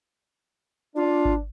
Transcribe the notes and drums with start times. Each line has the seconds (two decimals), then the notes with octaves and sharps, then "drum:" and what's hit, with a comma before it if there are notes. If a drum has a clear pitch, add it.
0.96 D4 F4
1.25 drum: kick G#1